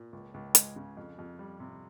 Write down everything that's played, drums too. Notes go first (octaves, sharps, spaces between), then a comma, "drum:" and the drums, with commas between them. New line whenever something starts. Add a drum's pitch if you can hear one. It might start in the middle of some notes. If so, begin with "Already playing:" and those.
Already playing: A#2
C#2
C#2
G#3, drum: hi-hat
C#3
F2
F2
G3
C3